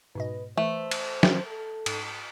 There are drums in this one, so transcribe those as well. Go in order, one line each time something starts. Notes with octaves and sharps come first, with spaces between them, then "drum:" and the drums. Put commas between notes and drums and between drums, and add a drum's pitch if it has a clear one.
G#2 B2 B4 D#5
E3 A3 C5
drum: cymbal
drum: snare
A4
G#2, drum: cymbal